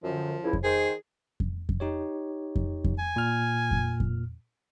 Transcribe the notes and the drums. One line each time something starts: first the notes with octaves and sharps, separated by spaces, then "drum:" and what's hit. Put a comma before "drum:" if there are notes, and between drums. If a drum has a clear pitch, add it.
F#2 D3 F3
C#2 C#3 E4
drum: kick F2
D#3 G#4 C5
drum: kick F2
drum: kick F2
D#4 G4 C#5
drum: kick F2
drum: kick F2
G#5
A#2 F6
drum: kick F2
drum: kick F2